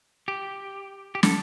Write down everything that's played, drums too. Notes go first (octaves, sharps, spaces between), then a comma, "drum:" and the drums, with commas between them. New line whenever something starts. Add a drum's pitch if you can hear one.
G4
G4
A4, drum: snare